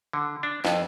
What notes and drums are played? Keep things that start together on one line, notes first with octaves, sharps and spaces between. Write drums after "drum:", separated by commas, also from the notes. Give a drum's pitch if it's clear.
D3
D4
F2, drum: snare